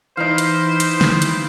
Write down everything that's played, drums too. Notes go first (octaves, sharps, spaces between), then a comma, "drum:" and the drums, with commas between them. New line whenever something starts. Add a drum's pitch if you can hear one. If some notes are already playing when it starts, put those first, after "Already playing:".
E3 D#4 C5 F5 B5 D7
drum: hi-hat
drum: hi-hat
drum: snare
drum: hi-hat